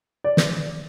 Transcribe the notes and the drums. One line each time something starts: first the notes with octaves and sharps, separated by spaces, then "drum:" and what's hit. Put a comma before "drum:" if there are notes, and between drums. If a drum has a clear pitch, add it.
D5
drum: snare